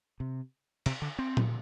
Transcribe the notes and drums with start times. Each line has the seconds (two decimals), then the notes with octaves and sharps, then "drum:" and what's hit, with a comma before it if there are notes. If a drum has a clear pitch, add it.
0.20 C3
0.86 C3, drum: cymbal
1.02 D3
1.19 C4
1.37 drum: tom